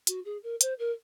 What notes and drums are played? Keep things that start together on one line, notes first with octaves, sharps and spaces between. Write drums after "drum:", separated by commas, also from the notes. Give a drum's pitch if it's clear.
F#4, drum: hi-hat
G#4
A#4
C5, drum: hi-hat
A#4